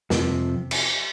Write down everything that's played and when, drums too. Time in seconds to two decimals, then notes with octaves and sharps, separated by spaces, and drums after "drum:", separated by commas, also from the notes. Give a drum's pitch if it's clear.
0.10 F2 C3 F3, drum: snare
0.71 drum: cymbal